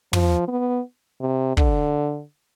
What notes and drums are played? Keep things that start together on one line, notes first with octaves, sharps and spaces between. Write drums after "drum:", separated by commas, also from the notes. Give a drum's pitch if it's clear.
F3, drum: tom
B3
C3
D3, drum: kick